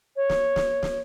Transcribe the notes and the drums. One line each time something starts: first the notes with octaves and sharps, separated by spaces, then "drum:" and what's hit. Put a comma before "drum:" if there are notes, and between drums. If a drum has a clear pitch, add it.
C#5
drum: snare
drum: snare
drum: snare